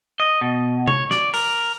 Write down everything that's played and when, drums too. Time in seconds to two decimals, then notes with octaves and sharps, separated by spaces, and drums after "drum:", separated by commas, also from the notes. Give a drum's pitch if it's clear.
0.20 D#5
0.41 B2
0.88 C#5, drum: tom C3
1.11 D5, drum: snare
1.34 A#4, drum: open hi-hat